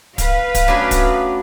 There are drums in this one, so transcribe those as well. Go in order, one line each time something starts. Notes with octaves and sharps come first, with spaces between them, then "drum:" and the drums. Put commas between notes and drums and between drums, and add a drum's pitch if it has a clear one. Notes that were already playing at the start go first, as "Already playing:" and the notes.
B4 F5, drum: kick, hi-hat
drum: kick, hi-hat
F#3 A3 B3 C#4 D4
drum: kick, hi-hat